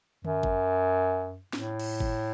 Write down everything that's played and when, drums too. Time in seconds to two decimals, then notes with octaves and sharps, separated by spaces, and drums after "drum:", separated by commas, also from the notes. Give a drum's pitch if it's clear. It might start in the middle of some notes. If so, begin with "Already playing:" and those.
0.25 F#2, drum: tom D3
0.43 drum: kick G1
1.53 A2, drum: snare
1.80 drum: cymbal
2.00 drum: kick G1